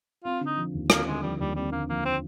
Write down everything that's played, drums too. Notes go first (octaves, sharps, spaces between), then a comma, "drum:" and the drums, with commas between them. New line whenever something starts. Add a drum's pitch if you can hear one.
C4 F4
D3 D#4
F3
D#2
A#3 C4, drum: rim click
D3 G#3
F3 G3
D#2 G3
G3 C4
D3 A#3
F3 A#3
C4